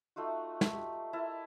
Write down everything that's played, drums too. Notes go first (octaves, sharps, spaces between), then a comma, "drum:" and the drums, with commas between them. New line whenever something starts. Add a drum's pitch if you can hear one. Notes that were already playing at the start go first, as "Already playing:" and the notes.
A3 D#4 F4 F#4
drum: snare
G4
E4 A#4 D#5 A5